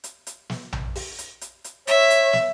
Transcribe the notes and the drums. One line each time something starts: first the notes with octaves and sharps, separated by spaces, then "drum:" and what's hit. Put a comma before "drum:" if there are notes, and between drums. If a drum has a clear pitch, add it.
drum: hi-hat
drum: hi-hat
drum: snare
drum: tom A#1
drum: open hi-hat
drum: hi-hat
drum: hi-hat
drum: hi-hat
C#5 E5, drum: hi-hat
drum: hi-hat
drum: snare